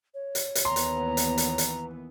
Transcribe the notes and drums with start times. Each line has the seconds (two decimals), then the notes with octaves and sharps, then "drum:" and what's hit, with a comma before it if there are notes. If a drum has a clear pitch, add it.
0.14 C#5
0.35 drum: hi-hat
0.55 drum: hi-hat
0.65 D#2 E3 B3 A#5 C6
0.76 drum: hi-hat
1.17 drum: hi-hat
1.38 drum: hi-hat
1.58 drum: hi-hat